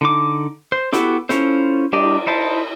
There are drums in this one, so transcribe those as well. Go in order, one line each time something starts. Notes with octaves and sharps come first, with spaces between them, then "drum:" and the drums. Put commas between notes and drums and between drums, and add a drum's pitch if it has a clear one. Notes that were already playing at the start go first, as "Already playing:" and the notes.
D3 D#4 D6
C5
B3 E4 F#4 G4 A4, drum: snare
C#4 E4 F4 A4 C5, drum: snare
G3 D4 G4 D5 D#5, drum: cymbal
D#4 E4 C5 A5